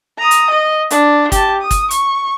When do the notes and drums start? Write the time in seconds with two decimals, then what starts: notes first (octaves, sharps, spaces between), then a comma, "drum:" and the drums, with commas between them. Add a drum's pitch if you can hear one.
0.18 A#5 D#6
0.31 drum: hi-hat
0.50 D#5
0.90 D4, drum: hi-hat
1.32 G4 A5, drum: kick, hi-hat
1.61 D#6
1.71 drum: kick, hi-hat
1.91 C#6, drum: hi-hat